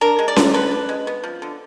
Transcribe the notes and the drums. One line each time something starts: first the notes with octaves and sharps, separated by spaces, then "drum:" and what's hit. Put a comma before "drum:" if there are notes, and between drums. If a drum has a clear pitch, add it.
D4 A#4
G#3
D5
D3, drum: snare C#4
D3 B4
D4
G#3
B3
F3
D3